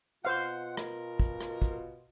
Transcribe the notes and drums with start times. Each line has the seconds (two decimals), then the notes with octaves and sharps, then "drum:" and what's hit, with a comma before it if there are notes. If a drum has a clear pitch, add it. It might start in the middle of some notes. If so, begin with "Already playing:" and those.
0.25 B2 F4 C5 F5 F#5
0.77 A#4, drum: rim click
1.20 drum: kick
1.41 drum: rim click
1.62 drum: kick